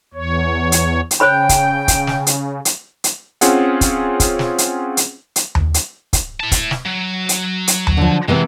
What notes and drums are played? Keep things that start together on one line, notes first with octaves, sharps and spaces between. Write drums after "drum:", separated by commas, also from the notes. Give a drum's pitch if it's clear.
E2 C#5
drum: hi-hat
drum: hi-hat
C#3 C5 C#5 G5 B5
drum: kick, hi-hat
drum: kick, hi-hat
drum: snare
drum: hi-hat
drum: hi-hat
drum: hi-hat
C4 C#4 F4 G#4 F#5, drum: hi-hat
drum: kick, hi-hat
drum: kick, hi-hat
drum: snare
drum: hi-hat
drum: hi-hat
drum: hi-hat
drum: tom D#2
drum: hi-hat
drum: kick, hi-hat
E4 A5
drum: kick, hi-hat
drum: snare
F#3
drum: hi-hat
drum: hi-hat
drum: tom D#2
D3 F3
C3 E3 G#3 A#3 B3